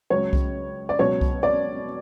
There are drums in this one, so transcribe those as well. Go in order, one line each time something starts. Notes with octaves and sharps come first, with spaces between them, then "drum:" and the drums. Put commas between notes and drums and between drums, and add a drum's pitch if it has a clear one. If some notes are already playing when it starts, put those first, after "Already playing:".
C#2 C#3 F#3 C#5
drum: kick C2
D5
C#2 B2 F#3 C#5
drum: kick C2
D5